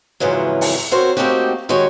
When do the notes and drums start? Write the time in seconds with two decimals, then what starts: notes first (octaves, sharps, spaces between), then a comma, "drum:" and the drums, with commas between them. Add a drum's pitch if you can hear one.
0.20 F2 G#2 C#3 E3 F#3
0.61 drum: open hi-hat
0.91 C4 F#4 A#4 C5 C#5
1.17 A3 A#3 C4 D#4 F#4 G4
1.69 D#3 G#3 F#4 G4 C#5